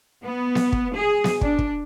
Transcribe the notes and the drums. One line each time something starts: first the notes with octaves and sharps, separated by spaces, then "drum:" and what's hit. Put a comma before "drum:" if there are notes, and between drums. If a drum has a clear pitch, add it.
B3
drum: snare B3
drum: kick
G#4
drum: snare B3
D4, drum: kick
drum: kick